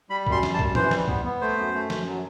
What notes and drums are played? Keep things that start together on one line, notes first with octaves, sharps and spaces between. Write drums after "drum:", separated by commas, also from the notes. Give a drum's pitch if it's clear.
G3 B5
F#2, drum: kick
C6
G3, drum: snare
A5
F#2, drum: kick
E3 C5, drum: tom
G3, drum: snare
B3, drum: kick
B3
A3 C5
F#2
A3
F#2, drum: snare
F#3